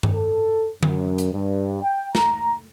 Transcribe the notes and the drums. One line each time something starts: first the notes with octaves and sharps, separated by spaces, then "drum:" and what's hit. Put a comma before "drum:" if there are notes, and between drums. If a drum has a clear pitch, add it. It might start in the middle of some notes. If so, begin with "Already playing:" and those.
drum: tom G2
A4
F#2, drum: tom D3
drum: hi-hat
G2
G5
A#5, drum: snare